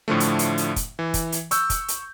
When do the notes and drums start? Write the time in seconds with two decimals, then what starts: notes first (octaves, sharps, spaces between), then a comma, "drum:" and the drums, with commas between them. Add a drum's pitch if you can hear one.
0.08 A2 D3 F3 A3
0.20 drum: hi-hat
0.39 drum: hi-hat
0.58 drum: hi-hat
0.76 drum: kick, hi-hat
0.99 E3
1.14 drum: kick, hi-hat
1.32 drum: hi-hat
1.51 C#6 E6 G6, drum: hi-hat
1.70 drum: kick, hi-hat
1.88 drum: hi-hat